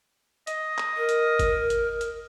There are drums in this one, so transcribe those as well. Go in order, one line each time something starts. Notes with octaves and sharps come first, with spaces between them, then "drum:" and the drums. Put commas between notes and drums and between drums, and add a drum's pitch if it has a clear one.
D#5, drum: hi-hat
drum: clap
A#4
drum: hi-hat
drum: kick, hi-hat
drum: hi-hat
drum: hi-hat